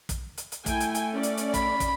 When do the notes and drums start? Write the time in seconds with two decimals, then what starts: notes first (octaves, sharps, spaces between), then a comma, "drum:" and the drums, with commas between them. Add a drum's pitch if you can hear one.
0.09 drum: kick, hi-hat
0.37 drum: hi-hat
0.52 drum: hi-hat
0.66 A3 E4 G5 G#5, drum: kick, hi-hat
0.80 drum: hi-hat
0.95 drum: hi-hat
1.12 C#4 D5
1.23 drum: hi-hat
1.37 drum: hi-hat
1.54 B5, drum: kick, hi-hat
1.80 drum: kick, hi-hat